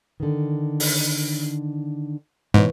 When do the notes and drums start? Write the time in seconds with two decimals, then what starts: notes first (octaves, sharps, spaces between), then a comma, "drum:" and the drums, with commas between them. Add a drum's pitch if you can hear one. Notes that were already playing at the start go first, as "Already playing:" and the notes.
0.20 D3 D#3
0.80 drum: open hi-hat
2.54 G#2 B2 E3 C#5